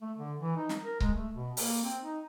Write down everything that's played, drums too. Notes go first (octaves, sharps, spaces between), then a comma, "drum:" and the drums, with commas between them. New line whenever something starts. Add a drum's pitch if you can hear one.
A3
D3
E3
D#4
drum: snare
A#4
G#3, drum: kick C#1
A3
B2
A#3, drum: open hi-hat
C4
D#4